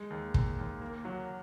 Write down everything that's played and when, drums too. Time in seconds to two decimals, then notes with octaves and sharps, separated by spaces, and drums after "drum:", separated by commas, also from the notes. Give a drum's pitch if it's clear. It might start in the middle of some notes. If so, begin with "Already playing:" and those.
Already playing: G#3
0.10 D#2
0.34 D#2, drum: kick
0.58 D#2
0.82 A#3
1.05 F#3